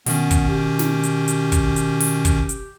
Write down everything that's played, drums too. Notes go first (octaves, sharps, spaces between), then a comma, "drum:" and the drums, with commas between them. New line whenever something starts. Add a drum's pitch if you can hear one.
B2 D#3 B3 C#4, drum: open hi-hat
drum: kick, hi-hat
G4
drum: snare
drum: hi-hat
drum: hi-hat
drum: kick, hi-hat
drum: hi-hat
drum: open hi-hat
drum: kick, hi-hat
drum: hi-hat